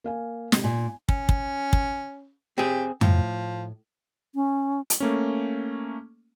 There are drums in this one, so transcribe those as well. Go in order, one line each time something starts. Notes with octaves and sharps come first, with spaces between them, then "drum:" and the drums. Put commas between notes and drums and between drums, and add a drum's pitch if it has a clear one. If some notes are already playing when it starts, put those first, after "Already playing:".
A#3 F5 G#5
C3 G#3 G4, drum: snare
A#2 G#5
C#4, drum: kick
drum: kick
drum: kick
C4 G4 G#4
A2 F3, drum: tom F2
C#4
drum: hi-hat
A3 A#3 C#4